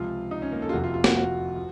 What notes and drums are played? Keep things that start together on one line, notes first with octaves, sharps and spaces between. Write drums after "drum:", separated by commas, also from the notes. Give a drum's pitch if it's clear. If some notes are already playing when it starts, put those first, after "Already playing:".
Already playing: C#2 C3 F3 F4
D#4
C#4
A#3
A4
F4
F1 F2 C3 F#4
F4
F4
F#4, drum: snare A#3
F#4
F3